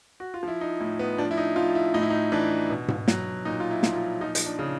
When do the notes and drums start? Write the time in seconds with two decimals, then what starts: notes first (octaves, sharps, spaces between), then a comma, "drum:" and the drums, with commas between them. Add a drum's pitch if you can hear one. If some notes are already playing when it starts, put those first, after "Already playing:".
0.20 F#4
0.34 F4
0.43 F3 E4
0.61 D#4
0.80 A2
0.99 B3
1.18 F3 D4
1.31 E4
1.37 D#4
1.56 F3 F4
1.75 E4
1.94 A2 D#4
2.02 E4
2.10 D#4
2.32 E3 D4
2.70 B2
2.88 drum: tom G#2
3.08 F#3, drum: snare
3.45 A#2 D#4
3.60 F4
3.71 E4
3.83 F3, drum: snare
3.96 F4
4.21 F3 D#4
4.35 drum: hi-hat
4.46 D4
4.59 C#3